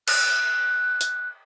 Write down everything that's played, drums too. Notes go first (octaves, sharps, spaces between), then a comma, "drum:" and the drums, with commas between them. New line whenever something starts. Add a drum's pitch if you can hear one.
F#6, drum: cymbal
drum: hi-hat